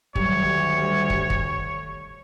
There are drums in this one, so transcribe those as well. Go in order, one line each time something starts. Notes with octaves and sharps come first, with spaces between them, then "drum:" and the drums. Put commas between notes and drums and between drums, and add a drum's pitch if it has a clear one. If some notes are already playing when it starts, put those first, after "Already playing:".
D2 D#3 F#3 G3 C#5, drum: kick
drum: kick
drum: kick